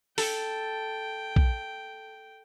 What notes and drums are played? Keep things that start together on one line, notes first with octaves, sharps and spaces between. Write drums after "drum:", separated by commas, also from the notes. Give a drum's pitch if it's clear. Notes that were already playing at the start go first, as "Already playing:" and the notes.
A4 G5, drum: open hi-hat
drum: kick